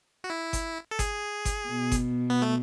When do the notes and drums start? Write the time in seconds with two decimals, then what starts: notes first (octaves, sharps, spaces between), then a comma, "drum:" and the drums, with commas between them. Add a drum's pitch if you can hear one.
0.24 F#4
0.30 E4
0.53 drum: kick G1, hi-hat
0.91 A4
0.99 G#4, drum: kick G1, hi-hat
1.45 drum: kick G1, hi-hat
1.68 B2
1.92 drum: kick G1, hi-hat
2.30 B3
2.42 A3